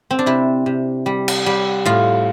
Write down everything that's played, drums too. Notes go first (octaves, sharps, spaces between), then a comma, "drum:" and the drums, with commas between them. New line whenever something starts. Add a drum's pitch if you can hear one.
C4
D4
C3 E4
C3
G3
drum: cymbal
G3
A2 F4